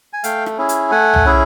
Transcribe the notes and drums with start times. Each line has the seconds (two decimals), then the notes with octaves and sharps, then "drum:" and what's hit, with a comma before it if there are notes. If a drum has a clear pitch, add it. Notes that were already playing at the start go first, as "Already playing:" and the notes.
0.13 G#5
0.24 A3 F5 G5, drum: hi-hat
0.46 drum: rim click
0.58 C#4 E4 G#4
0.69 drum: hi-hat
0.91 A3 F#5 G#5
1.14 drum: tom C2
1.25 C#4 E4 G#4